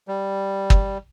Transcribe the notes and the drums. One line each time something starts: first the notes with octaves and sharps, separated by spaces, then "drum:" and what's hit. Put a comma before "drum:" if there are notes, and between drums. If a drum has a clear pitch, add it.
G3
drum: kick